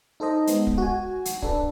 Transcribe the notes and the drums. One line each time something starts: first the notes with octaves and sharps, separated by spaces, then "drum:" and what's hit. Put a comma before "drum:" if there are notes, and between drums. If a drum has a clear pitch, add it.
D#4 A4 C5 D#5
G#3 B3, drum: hi-hat
drum: kick
F#4 G#5
drum: hi-hat
D4 A4 B4, drum: kick